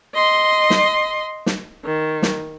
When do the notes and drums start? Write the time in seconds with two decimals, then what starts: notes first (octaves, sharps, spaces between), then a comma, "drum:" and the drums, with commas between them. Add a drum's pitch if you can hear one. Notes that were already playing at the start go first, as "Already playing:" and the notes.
0.15 D#5 C6
0.70 drum: snare
1.46 drum: snare
1.84 D#3
2.22 drum: snare